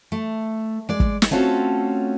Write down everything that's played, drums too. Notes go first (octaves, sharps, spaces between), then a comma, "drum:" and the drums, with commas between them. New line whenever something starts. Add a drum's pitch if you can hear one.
A3
G#3 D5
drum: kick
drum: snare
A3 C4 C#4 F4 F#4 A4